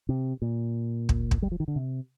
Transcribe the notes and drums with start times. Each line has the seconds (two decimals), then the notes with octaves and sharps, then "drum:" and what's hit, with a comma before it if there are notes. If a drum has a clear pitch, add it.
0.09 C3
0.42 A#2
1.09 drum: kick
1.31 drum: kick
1.42 G3
1.52 F3
1.60 D#3
1.68 D3
1.76 C3